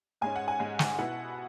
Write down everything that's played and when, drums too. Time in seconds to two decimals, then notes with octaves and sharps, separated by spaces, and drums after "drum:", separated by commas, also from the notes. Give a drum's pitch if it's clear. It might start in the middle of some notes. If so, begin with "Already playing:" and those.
0.21 G#2 G#3 C#4 G#5
0.36 F#5
0.48 G#5
0.59 G#2 G#3 C#4
0.79 drum: snare
0.98 B2 B3 E4 F#5